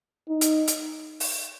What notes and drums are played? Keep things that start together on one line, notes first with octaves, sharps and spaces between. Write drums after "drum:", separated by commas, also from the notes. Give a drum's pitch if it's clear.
D#4
drum: hi-hat
drum: hi-hat
drum: open hi-hat